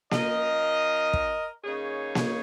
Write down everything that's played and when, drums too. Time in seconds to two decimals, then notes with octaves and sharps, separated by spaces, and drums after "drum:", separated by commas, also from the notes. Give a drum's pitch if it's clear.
0.11 F3 C#4 A#4 D#5, drum: snare A#3
1.13 drum: kick
1.64 C#3 A#3 D#4 G#4 C#5
2.15 drum: snare A#3